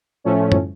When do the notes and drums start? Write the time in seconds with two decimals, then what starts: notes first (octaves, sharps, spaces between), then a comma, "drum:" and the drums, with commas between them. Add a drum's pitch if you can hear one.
0.24 A2 F3 A3 C#4
0.52 drum: tom F#2